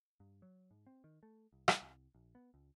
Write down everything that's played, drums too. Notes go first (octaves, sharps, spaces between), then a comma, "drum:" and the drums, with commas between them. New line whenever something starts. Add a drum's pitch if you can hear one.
G2
F#3
G#2
C4
D#3
A3
C2
drum: rim click
C2
A#1
B3
C#2